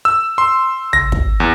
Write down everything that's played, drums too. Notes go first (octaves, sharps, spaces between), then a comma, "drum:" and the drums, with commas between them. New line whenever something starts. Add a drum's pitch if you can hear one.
E6
C6
A#6, drum: tom
drum: kick
E2